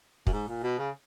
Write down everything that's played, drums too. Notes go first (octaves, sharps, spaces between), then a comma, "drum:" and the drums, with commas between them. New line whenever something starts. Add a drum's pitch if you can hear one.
F#2, drum: kick
G#2
A#2
B2
C#3